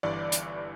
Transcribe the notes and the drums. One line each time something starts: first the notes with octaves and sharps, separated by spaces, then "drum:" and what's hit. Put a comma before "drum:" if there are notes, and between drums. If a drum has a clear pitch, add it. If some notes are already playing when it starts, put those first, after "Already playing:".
G1 G2 E3 D5
drum: hi-hat